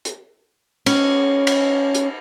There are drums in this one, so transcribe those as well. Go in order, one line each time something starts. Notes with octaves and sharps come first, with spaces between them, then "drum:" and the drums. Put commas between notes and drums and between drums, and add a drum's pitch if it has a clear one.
drum: hi-hat
C#4, drum: cymbal
drum: cymbal
drum: hi-hat